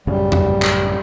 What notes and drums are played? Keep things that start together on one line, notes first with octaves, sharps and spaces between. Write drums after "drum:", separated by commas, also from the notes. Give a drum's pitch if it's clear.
A1 F#2 C#3 G3
drum: tom E2
drum: clap